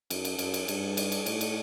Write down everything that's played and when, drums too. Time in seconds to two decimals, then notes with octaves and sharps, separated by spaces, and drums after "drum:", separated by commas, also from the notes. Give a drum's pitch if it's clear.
0.10 F#2, drum: cymbal
0.25 drum: cymbal
0.39 F#2, drum: cymbal
0.54 drum: cymbal
0.68 G2, drum: cymbal
0.97 drum: cymbal
1.12 drum: cymbal
1.26 A2, drum: cymbal
1.41 drum: cymbal